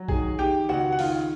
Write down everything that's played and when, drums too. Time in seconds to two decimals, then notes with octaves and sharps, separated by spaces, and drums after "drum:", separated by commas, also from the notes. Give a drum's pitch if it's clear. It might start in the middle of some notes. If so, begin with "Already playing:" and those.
Already playing: F#3
0.09 D#3 G#4 G#5, drum: kick A#1
0.39 D#3 G4 G5
0.69 C#2 F#4 F#5
0.92 F#5
0.99 D#3 F4 F5, drum: open hi-hat